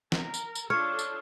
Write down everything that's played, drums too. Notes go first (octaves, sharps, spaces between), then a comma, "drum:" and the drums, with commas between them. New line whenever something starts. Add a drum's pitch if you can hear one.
A#4, drum: snare
drum: tambourine
drum: tambourine
D4 F4 A4 C#5 F6
drum: tambourine